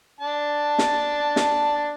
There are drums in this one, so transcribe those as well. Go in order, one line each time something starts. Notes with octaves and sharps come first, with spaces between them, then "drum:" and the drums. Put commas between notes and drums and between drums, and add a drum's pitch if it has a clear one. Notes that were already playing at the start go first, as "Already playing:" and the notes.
D4 A5
drum: snare
drum: snare